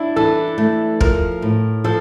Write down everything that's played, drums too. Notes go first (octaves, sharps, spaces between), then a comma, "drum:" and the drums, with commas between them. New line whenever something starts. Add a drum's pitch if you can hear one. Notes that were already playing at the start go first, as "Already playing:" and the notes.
Already playing: D4 E4
E3 A4
A3
F3 A#4, drum: kick
A2
F3 A4